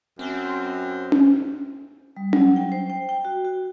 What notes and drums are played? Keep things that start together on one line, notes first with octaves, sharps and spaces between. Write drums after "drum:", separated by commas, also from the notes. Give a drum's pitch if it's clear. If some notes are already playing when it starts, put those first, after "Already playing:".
F#2 C4
drum: tom C#4
G3
F#3, drum: tom C#4
G5
C5
G5
G5
F#4
F#4